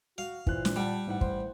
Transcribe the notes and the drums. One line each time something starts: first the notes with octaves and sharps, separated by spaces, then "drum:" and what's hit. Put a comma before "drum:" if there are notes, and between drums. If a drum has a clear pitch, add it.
F#4 F5
A#2 E3 C5 F#6, drum: kick
drum: snare
G3 F#5 A5
A1 G#2 F#5
C5, drum: kick